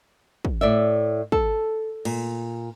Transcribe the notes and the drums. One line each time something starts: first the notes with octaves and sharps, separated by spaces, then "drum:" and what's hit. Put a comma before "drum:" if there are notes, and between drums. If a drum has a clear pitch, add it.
drum: kick
A2 D5 E5
A4, drum: kick
A#2, drum: cymbal